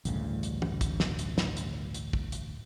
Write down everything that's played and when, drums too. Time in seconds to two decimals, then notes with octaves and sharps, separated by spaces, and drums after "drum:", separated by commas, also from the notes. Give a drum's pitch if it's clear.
0.05 A1 D2 G2 C#3, drum: hi-hat
0.43 drum: hi-hat
0.62 drum: tom
0.81 drum: kick, hi-hat
1.00 drum: snare
1.19 drum: hi-hat
1.38 drum: snare
1.57 drum: hi-hat
1.94 drum: hi-hat
2.13 drum: kick
2.32 drum: hi-hat